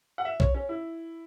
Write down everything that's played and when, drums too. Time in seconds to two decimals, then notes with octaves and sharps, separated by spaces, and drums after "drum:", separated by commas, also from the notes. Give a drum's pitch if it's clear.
0.18 F#5
0.25 E5
0.40 C#5, drum: kick B1
0.54 C#4
0.69 E4